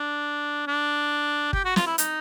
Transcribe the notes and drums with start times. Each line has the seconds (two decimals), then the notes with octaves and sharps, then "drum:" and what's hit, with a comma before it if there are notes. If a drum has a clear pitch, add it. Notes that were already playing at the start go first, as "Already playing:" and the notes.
Already playing: D4
0.67 D4
1.53 G4, drum: kick G1
1.65 F#4
1.76 F4, drum: snare
1.86 E4
1.98 D#4, drum: hi-hat